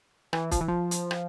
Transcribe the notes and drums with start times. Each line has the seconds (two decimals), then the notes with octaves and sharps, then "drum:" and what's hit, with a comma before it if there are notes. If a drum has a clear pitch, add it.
0.33 E3, drum: rim click
0.51 F3, drum: kick, hi-hat
0.61 E3
0.68 F3
0.91 drum: hi-hat
1.11 drum: rim click